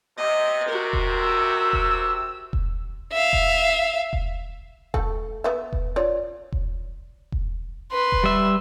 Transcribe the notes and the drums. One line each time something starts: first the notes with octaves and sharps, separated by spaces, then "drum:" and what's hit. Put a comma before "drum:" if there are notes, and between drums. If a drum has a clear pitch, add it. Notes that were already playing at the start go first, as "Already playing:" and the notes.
C3 D#5
F#4 A#4
drum: kick E1
E6
drum: kick E1
drum: kick E1
E5 F5
drum: kick E1
drum: kick E1
A3 A4, drum: kick E1
B3 E5
drum: kick E1
F4 C#5 D5
drum: kick E1
drum: kick E1
B4 C6
drum: kick E1
G3 E5